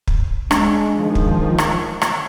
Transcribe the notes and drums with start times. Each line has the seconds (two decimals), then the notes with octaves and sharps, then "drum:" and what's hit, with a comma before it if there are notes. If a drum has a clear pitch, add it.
0.08 drum: kick
0.51 G#3 D4, drum: rim click
0.94 D#3 F3
1.15 drum: kick
1.58 drum: rim click
2.02 drum: rim click